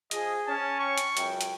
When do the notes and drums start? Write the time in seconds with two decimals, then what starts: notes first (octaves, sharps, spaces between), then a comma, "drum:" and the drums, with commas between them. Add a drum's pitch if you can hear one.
0.11 F3 G#4 D#5, drum: hi-hat
0.47 C#4 A5
0.79 G5 C#6
0.98 drum: hi-hat
1.17 C#2 F#2 G5, drum: hi-hat
1.41 drum: hi-hat